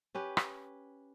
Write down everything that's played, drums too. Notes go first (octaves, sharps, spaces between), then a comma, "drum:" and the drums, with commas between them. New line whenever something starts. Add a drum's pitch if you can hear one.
C#4 G4 B4
drum: rim click